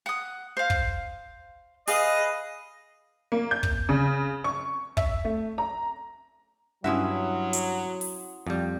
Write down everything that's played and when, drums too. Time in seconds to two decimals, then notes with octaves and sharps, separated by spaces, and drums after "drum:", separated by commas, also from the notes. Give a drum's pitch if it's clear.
0.06 F#5 D#6
0.57 C5 F5
0.70 drum: kick
1.88 G#4 B4 D#5 F5, drum: open hi-hat
3.32 A#3
3.51 G6
3.63 drum: kick
3.89 C#3
4.44 C#6
4.97 E5, drum: kick
5.25 A3
5.58 A#5
6.84 G2 F#3 C#4 E4 E5 F#5 C6 D#6
7.53 drum: hi-hat
8.01 drum: open hi-hat
8.47 F2 G3